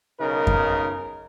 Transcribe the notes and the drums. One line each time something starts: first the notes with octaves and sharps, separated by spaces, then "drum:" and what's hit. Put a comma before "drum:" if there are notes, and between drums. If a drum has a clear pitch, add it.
B1 C#3 D#4 A#4
drum: kick F#2